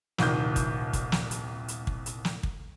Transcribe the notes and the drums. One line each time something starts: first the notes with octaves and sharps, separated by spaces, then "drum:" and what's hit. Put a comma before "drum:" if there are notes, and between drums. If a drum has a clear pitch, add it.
D#1 C2 D#3 G6, drum: snare
drum: kick, hi-hat
drum: kick, hi-hat
drum: snare
drum: hi-hat
drum: hi-hat
drum: kick
drum: hi-hat
drum: snare
drum: kick